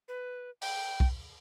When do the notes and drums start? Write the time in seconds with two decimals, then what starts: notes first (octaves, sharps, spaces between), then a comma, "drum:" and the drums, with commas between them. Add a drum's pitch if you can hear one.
0.08 B4
0.62 G5, drum: open hi-hat
1.00 drum: kick